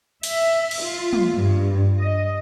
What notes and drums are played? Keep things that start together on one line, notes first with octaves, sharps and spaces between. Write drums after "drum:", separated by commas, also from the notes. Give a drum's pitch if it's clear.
E5, drum: cymbal
drum: cymbal
F4
drum: tom
G2
D#5